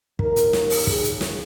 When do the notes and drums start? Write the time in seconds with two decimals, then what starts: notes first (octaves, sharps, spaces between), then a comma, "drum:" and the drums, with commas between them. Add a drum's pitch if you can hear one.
0.19 D#2 D#3 A#4, drum: kick
0.36 drum: hi-hat
0.53 A#4, drum: snare
0.70 drum: open hi-hat
0.87 G#4, drum: kick
1.04 drum: hi-hat
1.21 drum: snare